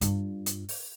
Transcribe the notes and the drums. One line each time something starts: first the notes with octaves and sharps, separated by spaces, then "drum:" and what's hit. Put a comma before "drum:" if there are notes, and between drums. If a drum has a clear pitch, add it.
G2 F4, drum: hi-hat
drum: hi-hat
drum: open hi-hat